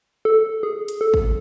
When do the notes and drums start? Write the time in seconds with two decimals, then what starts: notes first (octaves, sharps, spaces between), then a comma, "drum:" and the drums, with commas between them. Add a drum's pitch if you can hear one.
0.25 A4
0.63 G#4
0.88 drum: hi-hat
1.01 A4
1.14 drum: kick